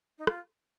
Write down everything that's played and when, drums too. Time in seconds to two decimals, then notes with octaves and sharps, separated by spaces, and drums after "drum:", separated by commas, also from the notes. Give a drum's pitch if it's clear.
0.18 D#4
0.27 F4, drum: rim click